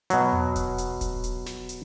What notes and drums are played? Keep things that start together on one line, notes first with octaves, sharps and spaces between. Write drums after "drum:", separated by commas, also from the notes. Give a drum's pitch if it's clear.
B2 F#3, drum: hi-hat
drum: tom E2
drum: kick D#1, hi-hat
drum: hi-hat
drum: kick D#1, hi-hat
drum: hi-hat
drum: snare
drum: hi-hat